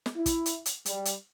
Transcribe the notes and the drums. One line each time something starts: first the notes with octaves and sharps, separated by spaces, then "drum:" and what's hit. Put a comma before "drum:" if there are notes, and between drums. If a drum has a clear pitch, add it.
drum: snare
E4
drum: kick, hi-hat
drum: hi-hat
drum: hi-hat
G3, drum: hi-hat
drum: hi-hat